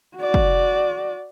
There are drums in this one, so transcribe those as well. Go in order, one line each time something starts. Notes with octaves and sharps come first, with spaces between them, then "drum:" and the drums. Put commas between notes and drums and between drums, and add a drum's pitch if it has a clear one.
F#4 D5
drum: kick